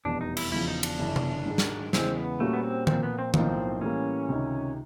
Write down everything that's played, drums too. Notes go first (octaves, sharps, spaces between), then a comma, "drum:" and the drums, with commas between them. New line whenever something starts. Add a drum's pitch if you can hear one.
F1 E2 B2 G3 D4
D#4
E4, drum: cymbal
E1 E2 C#3 F3 E4
D#4
D4, drum: cymbal
G1 F#2 C#3 E3
drum: tom C3
G#2 D#3 G#3
drum: snare
E2 C#3 E3 G#3 C4, drum: snare
B3
A#2 G3 A3 A#3 C#4 F#4
B3
C4
A#2 F3 A#3 C4, drum: tom D#3
B3
C4
B1 A2 F3 A#3 C4 D#4, drum: tom D#3
A2 E3 G3 A#3 C#4
C#2 C3 D#3